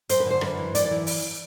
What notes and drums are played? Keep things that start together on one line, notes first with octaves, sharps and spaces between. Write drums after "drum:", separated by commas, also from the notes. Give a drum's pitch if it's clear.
F#2 C5, drum: hi-hat
B4
D3 C5
F#2 B4, drum: rim click
E3
F#2 D5, drum: hi-hat
D5
E3
drum: open hi-hat